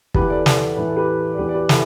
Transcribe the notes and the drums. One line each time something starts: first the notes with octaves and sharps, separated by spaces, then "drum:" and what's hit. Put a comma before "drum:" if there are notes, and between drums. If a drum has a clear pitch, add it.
E2 E3 G4 B4, drum: kick
A4 D5
A4 D5, drum: snare
A2 E3 B4
A4
G4 B4
D5
E2 E3 G4 B4
D5
G4 B4
E4 A4, drum: snare